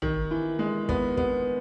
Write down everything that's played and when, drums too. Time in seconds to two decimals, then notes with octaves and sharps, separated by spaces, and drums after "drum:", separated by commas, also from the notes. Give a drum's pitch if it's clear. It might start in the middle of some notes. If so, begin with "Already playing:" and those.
0.02 D#3, drum: tom
0.31 E3
0.59 G#3
0.89 B3, drum: kick
1.17 B3, drum: kick